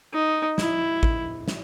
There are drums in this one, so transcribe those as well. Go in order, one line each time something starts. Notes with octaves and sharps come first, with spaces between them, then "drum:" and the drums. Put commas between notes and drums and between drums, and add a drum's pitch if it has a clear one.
D#4
E4, drum: snare
drum: kick A1
drum: snare